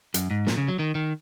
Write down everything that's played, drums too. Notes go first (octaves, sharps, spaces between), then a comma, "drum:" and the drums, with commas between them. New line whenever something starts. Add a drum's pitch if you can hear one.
F#2, drum: hi-hat
G#2
A#2, drum: snare
C#3
F#3
D#3
D#3